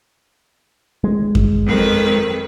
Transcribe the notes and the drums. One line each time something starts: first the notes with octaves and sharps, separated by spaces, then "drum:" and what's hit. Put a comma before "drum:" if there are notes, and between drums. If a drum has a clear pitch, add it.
G#3
drum: kick F#2
F2 D#3 B4